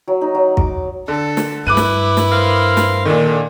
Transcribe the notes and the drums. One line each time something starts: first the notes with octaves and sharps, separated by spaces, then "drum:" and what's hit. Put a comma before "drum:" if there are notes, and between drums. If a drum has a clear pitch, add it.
F#3
D#4
F#3
D6, drum: kick
D3 A4
drum: snare
G2 E4 B4 D6 F#6 D#7
drum: snare
drum: snare
A#4 C5 F5
drum: snare
A#2 D3 D#3